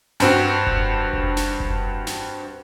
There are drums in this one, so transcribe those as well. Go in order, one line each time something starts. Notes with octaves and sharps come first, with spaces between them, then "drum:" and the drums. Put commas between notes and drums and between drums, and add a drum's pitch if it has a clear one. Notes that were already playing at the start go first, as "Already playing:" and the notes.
G2 C4 F#4, drum: snare
drum: kick F1
drum: kick F1
drum: snare
drum: kick F1
drum: snare